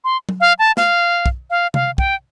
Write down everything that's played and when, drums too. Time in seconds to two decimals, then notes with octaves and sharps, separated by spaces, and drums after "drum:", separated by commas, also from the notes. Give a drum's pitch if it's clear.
0.04 C6
0.29 drum: tom F#3
0.40 F5
0.59 A5
0.77 F5, drum: snare
1.26 drum: kick
1.50 F5
1.74 F5, drum: tom C3
1.98 G5, drum: kick